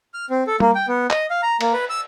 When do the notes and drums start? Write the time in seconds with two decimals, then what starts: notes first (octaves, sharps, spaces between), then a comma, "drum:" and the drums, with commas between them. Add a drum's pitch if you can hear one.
0.14 F6
0.30 C4
0.47 A4
0.60 A#3, drum: tom G3
0.75 G5
0.88 B3
1.11 D#5, drum: clap
1.30 F5
1.43 A#5
1.61 A#3, drum: cymbal
1.73 B4
1.90 E6